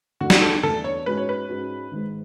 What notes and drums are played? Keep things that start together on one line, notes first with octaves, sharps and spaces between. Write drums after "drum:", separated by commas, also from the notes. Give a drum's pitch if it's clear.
E2 D3 A3 D4 F#4
drum: snare
A4
E2 D3 A3 D4 A4
C#5
G#2 G#3 C#4 F#4 B4
C#5
B4
G#2 G#3 C#4 F#4
G#1 G#2 G#3